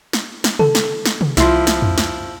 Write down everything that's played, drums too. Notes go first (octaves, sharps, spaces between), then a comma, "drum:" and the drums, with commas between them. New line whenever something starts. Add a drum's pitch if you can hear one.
drum: snare
drum: snare
A4, drum: tom
drum: snare
drum: snare
drum: tom
C2 F3 E4 C6, drum: snare
drum: snare
drum: tom
drum: snare